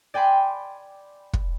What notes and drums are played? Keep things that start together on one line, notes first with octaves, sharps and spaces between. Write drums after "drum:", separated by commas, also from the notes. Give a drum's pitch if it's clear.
D5 G5 G#5 B5 C6
drum: kick